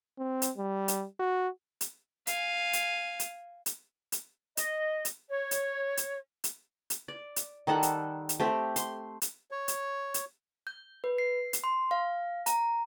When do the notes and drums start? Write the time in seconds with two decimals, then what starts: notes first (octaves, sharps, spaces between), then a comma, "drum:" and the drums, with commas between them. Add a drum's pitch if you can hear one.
0.18 C4
0.42 drum: hi-hat
0.58 G3
0.88 drum: hi-hat
1.20 F#4
1.81 drum: hi-hat
2.27 F5 G#5, drum: hi-hat
2.73 drum: hi-hat
3.20 drum: hi-hat
3.66 drum: hi-hat
4.12 drum: hi-hat
4.57 D#5, drum: hi-hat
5.05 drum: hi-hat
5.29 C#5
5.51 drum: hi-hat
5.97 drum: hi-hat
6.44 drum: hi-hat
6.90 drum: hi-hat
7.08 D5
7.36 drum: hi-hat
7.67 D#3 G3 A4 F#5
7.83 drum: hi-hat
8.29 drum: hi-hat
8.40 A3 C4 G4
8.76 C6, drum: hi-hat
9.22 drum: hi-hat
9.51 C#5
9.68 drum: hi-hat
10.14 drum: hi-hat
10.67 G6
11.04 B4
11.18 C7
11.53 drum: hi-hat
11.64 C6
11.91 F5
12.46 A#5, drum: hi-hat